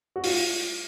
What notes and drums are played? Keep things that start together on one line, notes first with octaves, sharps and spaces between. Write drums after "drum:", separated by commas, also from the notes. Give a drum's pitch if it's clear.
F#4
F4, drum: open hi-hat